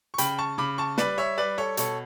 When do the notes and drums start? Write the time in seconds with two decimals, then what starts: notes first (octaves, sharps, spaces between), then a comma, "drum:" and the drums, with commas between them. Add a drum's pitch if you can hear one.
0.14 C#6
0.18 C#3 G5 B5, drum: hi-hat
0.38 A5 C#6
0.58 C#3 B5 D6
0.78 A5 C#6
0.98 G3 B4 D5, drum: snare
1.18 C#5 E5
1.38 G3 B4 D5
1.58 A4 C#5
1.77 B2 A4 C#5, drum: hi-hat